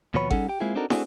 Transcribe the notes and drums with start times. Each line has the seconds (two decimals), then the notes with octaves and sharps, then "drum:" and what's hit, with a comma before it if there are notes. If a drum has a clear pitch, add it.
0.14 D#2 B2 F3 B3 C#5 B5
0.31 G3 C#4 D#4 G#4 A4 F#5, drum: kick G#1
0.49 G4 G5
0.60 G#3 A#3 C4 E4 F4 G#4
0.75 C4 D4 D#4 F#4 A4 A#4
0.90 A3 A#3 C4 D4 F#4 G#4, drum: snare